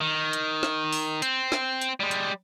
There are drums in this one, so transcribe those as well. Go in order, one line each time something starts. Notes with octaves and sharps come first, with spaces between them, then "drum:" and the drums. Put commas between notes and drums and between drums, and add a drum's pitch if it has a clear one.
D#3
drum: hi-hat
drum: snare
drum: open hi-hat
C4, drum: hi-hat
drum: snare
drum: hi-hat
G3 G#3
drum: hi-hat